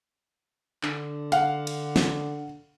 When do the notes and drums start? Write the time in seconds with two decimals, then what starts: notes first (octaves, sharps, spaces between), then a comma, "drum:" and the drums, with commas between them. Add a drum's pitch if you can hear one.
0.83 D3, drum: clap
1.32 F5 F#5, drum: hi-hat
1.67 drum: cymbal
1.96 drum: snare